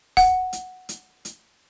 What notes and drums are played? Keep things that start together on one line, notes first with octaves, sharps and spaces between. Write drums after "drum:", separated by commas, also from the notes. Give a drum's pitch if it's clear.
F#5, drum: kick, open hi-hat
drum: hi-hat
drum: hi-hat
drum: hi-hat